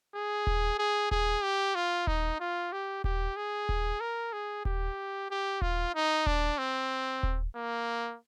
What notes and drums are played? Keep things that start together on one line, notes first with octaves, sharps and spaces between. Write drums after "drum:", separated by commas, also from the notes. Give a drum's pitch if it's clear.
G#4
drum: kick D#1
G#4
G#4, drum: kick D#1
G4
F4
D#4, drum: kick D#1
F4
G4
G4, drum: kick D#1
G#4
drum: kick D#1
A#4
G#4
G4, drum: kick D#1
G4
F4, drum: kick D#1
D#4
D4, drum: kick D#1
C4
drum: kick D#1
A#3